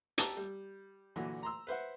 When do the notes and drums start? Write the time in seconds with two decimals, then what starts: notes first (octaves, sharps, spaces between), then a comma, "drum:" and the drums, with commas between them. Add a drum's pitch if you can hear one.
0.18 G4 A5 A#5 E6, drum: hi-hat
0.37 G3
1.16 A#2 D3 E3 F#3
1.43 A#5 C6 E6
1.67 B4 C5 E5 F#5